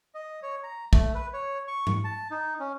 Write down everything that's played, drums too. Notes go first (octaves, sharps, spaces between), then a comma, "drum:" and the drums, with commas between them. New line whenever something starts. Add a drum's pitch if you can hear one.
D#5
C#5
A#5
A3, drum: kick
B4
C#5
C#6
drum: tom G#2
A5
D#4
C#4